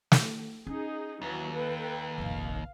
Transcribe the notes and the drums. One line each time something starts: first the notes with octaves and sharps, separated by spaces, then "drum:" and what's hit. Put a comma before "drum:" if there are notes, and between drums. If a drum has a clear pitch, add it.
drum: snare
C#4 D#4 G#4
D#2 E3 F#3
A4 B4 G5
F1 A#1 F5